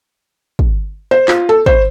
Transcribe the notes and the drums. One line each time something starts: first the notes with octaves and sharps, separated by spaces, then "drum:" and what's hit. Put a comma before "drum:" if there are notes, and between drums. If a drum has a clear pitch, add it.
drum: kick
C5
F4, drum: clap
A4
C5, drum: kick